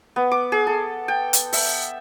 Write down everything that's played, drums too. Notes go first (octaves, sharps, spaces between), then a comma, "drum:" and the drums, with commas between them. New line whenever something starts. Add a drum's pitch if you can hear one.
B3
D6
G#4
A4
G5
drum: hi-hat
E5, drum: open hi-hat